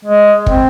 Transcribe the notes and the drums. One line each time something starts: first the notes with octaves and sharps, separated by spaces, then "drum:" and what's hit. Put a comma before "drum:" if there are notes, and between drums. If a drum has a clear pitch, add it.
G#3
C4, drum: kick